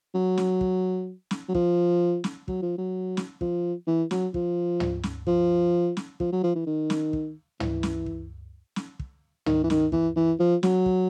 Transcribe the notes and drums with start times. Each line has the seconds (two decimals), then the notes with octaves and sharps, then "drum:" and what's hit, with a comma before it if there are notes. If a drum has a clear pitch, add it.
0.14 F#3
0.37 drum: snare
0.61 drum: kick
1.31 drum: snare
1.49 F#3
1.54 F3, drum: kick
2.24 drum: snare
2.48 F#3, drum: kick
2.62 F3
2.78 F#3
3.17 drum: snare
3.41 F3, drum: kick
3.87 E3
4.11 F#3, drum: snare
4.34 F3, drum: kick
4.80 drum: tom
5.03 drum: snare
5.27 F3, drum: kick
5.97 drum: snare
6.20 F3, drum: kick
6.32 F#3
6.43 F3
6.55 E3
6.66 D#3
6.90 drum: snare
7.13 drum: kick
7.60 E3, drum: tom
7.83 drum: snare
8.06 drum: kick
8.76 drum: snare
8.99 drum: kick
9.46 D#3, drum: tom
9.63 E3
9.70 D#3, drum: snare
9.92 E3, drum: kick
10.16 E3
10.39 F3
10.63 F#3, drum: snare
10.86 drum: kick